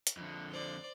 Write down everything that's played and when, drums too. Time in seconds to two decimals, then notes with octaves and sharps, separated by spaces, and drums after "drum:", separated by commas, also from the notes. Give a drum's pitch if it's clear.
0.07 drum: hi-hat
0.17 F2 D3
0.49 C5 D5